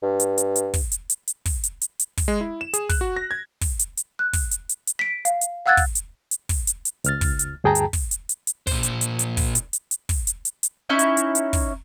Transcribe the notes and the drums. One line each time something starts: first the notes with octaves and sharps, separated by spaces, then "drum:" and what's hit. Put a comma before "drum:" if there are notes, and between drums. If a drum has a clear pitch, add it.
G2
drum: hi-hat
drum: hi-hat
drum: hi-hat
drum: kick, open hi-hat
drum: hi-hat
drum: hi-hat
drum: hi-hat
drum: kick, open hi-hat
drum: hi-hat
drum: hi-hat
drum: hi-hat
drum: kick, open hi-hat
G#3
E4
E7
G#4, drum: hi-hat
F#6, drum: kick, open hi-hat
F#4
A#6
G#6
drum: kick, open hi-hat
drum: hi-hat
drum: hi-hat
F#6
drum: kick, open hi-hat
drum: hi-hat
drum: hi-hat
drum: hi-hat
B6 D7
F5, drum: hi-hat
drum: hi-hat
F5 F#5 E6 F#6 G#6 A6
drum: kick, open hi-hat
drum: hi-hat
drum: hi-hat
drum: kick, open hi-hat
drum: hi-hat
drum: hi-hat
C#2 F6 A6, drum: hi-hat
drum: kick, open hi-hat
drum: hi-hat
D2 G2 G#4 G5 A5 A#5
drum: hi-hat
drum: kick, open hi-hat
drum: hi-hat
drum: hi-hat
drum: hi-hat
A#2 C5, drum: kick, open hi-hat
drum: hi-hat
drum: hi-hat
drum: hi-hat
drum: kick, open hi-hat
drum: hi-hat
drum: hi-hat
drum: hi-hat
drum: kick, open hi-hat
drum: hi-hat
drum: hi-hat
drum: hi-hat
C#4 D#4 E4
drum: hi-hat
drum: hi-hat
drum: hi-hat
drum: kick, open hi-hat